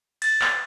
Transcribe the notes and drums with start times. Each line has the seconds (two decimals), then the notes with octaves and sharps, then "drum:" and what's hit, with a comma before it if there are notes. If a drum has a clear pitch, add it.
0.22 A6, drum: cymbal
0.41 drum: clap